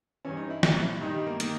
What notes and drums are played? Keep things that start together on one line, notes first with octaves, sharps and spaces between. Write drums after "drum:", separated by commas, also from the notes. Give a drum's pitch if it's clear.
G2 E3 C#4
D#4
E4
A#2 E4, drum: snare
E4
G2 D#3 D#4
G3
A#3
D#3 A#3, drum: hi-hat